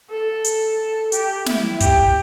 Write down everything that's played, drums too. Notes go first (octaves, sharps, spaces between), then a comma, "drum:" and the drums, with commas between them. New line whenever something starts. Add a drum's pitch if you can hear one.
A4
drum: hi-hat
G4, drum: hi-hat
E4, drum: snare
G4, drum: kick, hi-hat